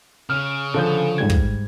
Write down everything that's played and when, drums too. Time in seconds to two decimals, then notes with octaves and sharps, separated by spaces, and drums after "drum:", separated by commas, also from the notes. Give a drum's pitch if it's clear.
0.30 C#3 F6
0.74 D3 F3 A4 G6
1.18 G#2 G3 G#6
1.30 drum: kick